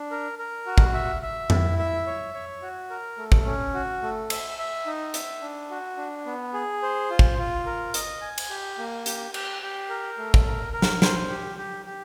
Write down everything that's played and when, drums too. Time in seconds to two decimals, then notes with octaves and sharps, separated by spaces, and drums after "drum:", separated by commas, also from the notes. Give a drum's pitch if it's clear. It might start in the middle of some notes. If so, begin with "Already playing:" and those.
Already playing: D4
0.11 A#4
0.39 A#4
0.66 F#4
0.78 drum: kick
0.94 E5
1.22 E5
1.50 E4, drum: tom F2
1.78 E5
2.07 C#5
2.34 C#5
2.62 F#4
2.90 A#4
3.18 A3
3.32 drum: kick
3.46 C#4
3.74 F#4
4.02 A3
4.30 E5, drum: cymbal
4.58 E5
4.86 D#4
5.14 E5, drum: hi-hat
5.42 D4
5.70 F#4
5.97 D4
6.26 B3
6.53 G#4
6.82 C5
7.10 F4
7.19 drum: kick
7.38 F4
7.66 A#4
7.94 D#5, drum: hi-hat
8.21 G#5
8.38 drum: cymbal
8.50 G4
8.78 A#3
9.06 G4, drum: hi-hat
9.34 G4, drum: cymbal
9.62 G4
9.90 A#4
10.18 A3
10.34 drum: kick
10.46 A#4
10.73 A#4
10.82 drum: snare
11.02 C5, drum: snare
11.29 G4
11.58 G4
11.85 G4